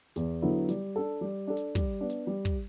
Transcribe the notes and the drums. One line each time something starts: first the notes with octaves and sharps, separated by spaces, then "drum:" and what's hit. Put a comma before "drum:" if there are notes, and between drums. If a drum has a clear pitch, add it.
E2, drum: hi-hat
D3 F#3 B3 E4
G3, drum: hi-hat
D4 A4
G3
D4 A4
drum: hi-hat
G3, drum: kick, hi-hat
B3 D4
drum: hi-hat
G3
drum: kick